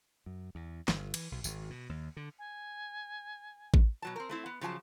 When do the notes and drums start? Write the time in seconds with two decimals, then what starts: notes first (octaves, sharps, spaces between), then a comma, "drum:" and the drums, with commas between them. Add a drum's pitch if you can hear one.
0.26 F#2
0.55 E2
0.88 G1, drum: snare
1.14 E3, drum: cymbal
1.32 B1
1.44 G#1, drum: tambourine
1.70 B2
1.89 D#2
2.17 D3
2.39 G#5
3.74 drum: kick A1
4.02 B2 F#3 A5
4.16 C4 A#4
4.29 A3 C4 E4
4.46 B3
4.61 C#3 F3 F#3 G#5 A5